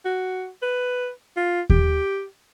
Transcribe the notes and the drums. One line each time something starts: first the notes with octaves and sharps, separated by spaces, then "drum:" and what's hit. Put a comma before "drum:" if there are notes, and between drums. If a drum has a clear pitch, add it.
F#4
B4
F4
G4, drum: kick D#2